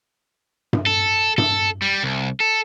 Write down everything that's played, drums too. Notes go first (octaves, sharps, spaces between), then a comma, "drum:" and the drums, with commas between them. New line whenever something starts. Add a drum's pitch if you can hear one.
drum: tom G2
A4
A4, drum: tom G2
G3
C2
A4